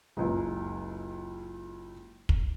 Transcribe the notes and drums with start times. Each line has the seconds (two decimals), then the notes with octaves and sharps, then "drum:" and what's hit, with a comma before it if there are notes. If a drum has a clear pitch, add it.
0.17 F#1 C#2
2.29 drum: kick